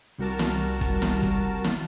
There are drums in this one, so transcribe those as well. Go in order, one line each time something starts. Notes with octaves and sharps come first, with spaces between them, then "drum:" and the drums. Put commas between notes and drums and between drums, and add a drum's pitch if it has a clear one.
C2 G3 F#4 A#4 A5
drum: snare
drum: kick
drum: snare
drum: kick
drum: snare